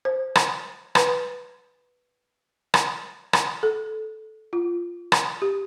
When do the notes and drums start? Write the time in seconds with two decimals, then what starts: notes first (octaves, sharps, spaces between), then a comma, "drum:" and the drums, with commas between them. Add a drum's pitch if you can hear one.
0.05 C5
0.35 drum: rim click
0.95 B4, drum: rim click
2.74 drum: rim click
3.33 drum: rim click
3.63 A4
4.53 F4
5.12 drum: rim click
5.42 G4